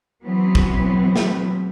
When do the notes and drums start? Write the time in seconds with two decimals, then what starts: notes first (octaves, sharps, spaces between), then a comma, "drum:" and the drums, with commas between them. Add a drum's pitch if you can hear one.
0.25 E3 F#3 B3 C4
0.55 drum: kick
1.16 drum: snare